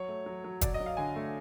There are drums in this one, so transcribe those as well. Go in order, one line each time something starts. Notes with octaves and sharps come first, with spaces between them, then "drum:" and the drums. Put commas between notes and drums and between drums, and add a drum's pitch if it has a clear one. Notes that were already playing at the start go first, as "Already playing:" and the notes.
Already playing: F#3 C#5
A3
F#3
F#3
F#3 D5, drum: kick, hi-hat
D#5
F#3
F5
D3 G#5
A3